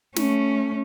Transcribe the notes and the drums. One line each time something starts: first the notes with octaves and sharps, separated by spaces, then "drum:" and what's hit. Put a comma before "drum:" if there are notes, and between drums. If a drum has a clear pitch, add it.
A3 C#4, drum: snare